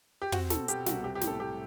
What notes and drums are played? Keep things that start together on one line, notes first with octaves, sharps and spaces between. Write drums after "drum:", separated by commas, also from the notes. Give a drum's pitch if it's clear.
G4
C4 F#4, drum: tom
B2 A4, drum: snare
B2 G4, drum: hi-hat
C2 F#4, drum: snare
C4 G4
G4
A2, drum: snare
A4
A2 G4